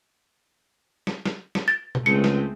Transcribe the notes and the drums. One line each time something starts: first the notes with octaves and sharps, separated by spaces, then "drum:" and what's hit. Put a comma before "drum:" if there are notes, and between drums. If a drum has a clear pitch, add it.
drum: snare
drum: snare
drum: snare
A6
drum: tom
C#2 G#3 A3 C4 C#7
drum: snare